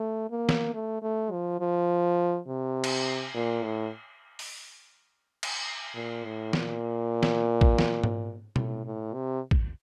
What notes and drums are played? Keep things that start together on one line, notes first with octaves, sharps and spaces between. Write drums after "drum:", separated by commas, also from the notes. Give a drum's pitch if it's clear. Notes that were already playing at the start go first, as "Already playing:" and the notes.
Already playing: A3
A#3
drum: snare
A3
A3
F3
F3
C3
drum: cymbal
A#2
A2
drum: open hi-hat
drum: cymbal
A#2
A2
A#2, drum: snare
drum: snare
drum: kick
drum: snare
drum: tom G#2
A2, drum: tom B2
A2
C3
drum: kick